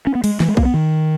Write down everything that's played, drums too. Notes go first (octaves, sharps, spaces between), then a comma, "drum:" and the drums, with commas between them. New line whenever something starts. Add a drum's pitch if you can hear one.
C#4
B3
G#3, drum: cymbal
E3, drum: snare
G#3
A#3, drum: kick B1
B3
D#3